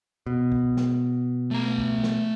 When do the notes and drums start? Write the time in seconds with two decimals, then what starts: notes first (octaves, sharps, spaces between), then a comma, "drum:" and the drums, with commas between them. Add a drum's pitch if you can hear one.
0.27 B2
0.52 drum: kick
0.77 drum: snare
1.51 A3 A#5
1.78 drum: kick
2.04 drum: snare